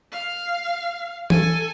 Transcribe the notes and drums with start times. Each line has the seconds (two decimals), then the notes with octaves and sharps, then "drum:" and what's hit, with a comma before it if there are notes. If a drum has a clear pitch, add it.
0.13 F5
1.30 A4 G#5, drum: tom E3